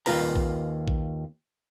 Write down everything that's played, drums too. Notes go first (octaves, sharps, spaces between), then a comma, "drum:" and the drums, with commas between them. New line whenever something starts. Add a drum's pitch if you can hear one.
D#2 A#2 A#3 F4 B4 A#5, drum: open hi-hat
drum: kick A#1
drum: kick A#1